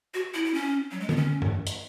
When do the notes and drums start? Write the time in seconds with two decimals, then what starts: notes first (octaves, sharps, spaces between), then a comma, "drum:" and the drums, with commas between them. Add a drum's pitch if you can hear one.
0.14 F#4
0.34 E4
0.45 E4
0.54 C#4
0.91 F#3
1.00 G#3
1.09 B3, drum: tom D3
1.16 C#4
1.42 drum: tom G2
1.67 drum: hi-hat